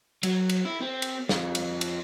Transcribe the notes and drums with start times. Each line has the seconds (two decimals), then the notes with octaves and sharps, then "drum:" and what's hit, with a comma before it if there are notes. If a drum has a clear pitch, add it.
0.23 F#3, drum: cymbal
0.49 drum: cymbal
0.65 E4
0.81 C4
1.02 drum: cymbal
1.29 F2, drum: snare
1.55 drum: cymbal
1.81 drum: cymbal